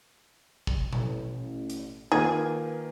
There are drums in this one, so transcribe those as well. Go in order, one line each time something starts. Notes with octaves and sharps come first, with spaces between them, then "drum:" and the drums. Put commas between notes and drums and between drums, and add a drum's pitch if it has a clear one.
drum: kick
A1, drum: tom A#2
drum: hi-hat
D#3 A#3 F4 G#4 B4